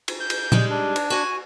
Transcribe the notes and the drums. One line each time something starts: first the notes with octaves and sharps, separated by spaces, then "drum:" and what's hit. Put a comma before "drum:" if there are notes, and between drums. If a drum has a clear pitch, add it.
drum: cymbal
G6
drum: cymbal
G3 G#3 D#4, drum: tom A#2
D4
drum: cymbal
F#4 G#5